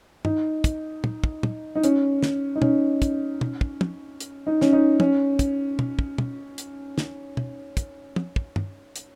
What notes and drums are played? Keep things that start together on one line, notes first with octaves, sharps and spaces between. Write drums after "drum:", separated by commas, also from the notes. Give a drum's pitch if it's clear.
D#4, drum: tom
drum: kick, hi-hat
drum: tom
drum: kick
drum: tom
D#4
C#4, drum: hi-hat
drum: snare
D#4
C#4, drum: tom
drum: kick, hi-hat
drum: tom
drum: kick
drum: tom
drum: hi-hat
D#4
C#4, drum: snare
D#4
C#4, drum: tom
drum: kick, hi-hat
drum: tom
drum: kick
drum: tom
drum: hi-hat
drum: snare
drum: tom
drum: kick, hi-hat
drum: tom
drum: kick
drum: tom
drum: hi-hat